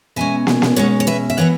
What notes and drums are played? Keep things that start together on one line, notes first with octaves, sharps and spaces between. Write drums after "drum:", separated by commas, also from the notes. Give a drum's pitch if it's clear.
B2 G#3 C#4 E5 G#5
drum: snare
drum: snare
B2 G#3 C#4 C#5 F#5
C#5
B4 E5
E5
E3 B3 C#5 F#5